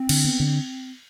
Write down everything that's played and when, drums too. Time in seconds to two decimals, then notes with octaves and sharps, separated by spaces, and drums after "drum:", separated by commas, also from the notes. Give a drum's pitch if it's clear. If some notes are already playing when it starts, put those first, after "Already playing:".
Already playing: C4
0.09 D3, drum: cymbal
0.25 B3
0.40 D3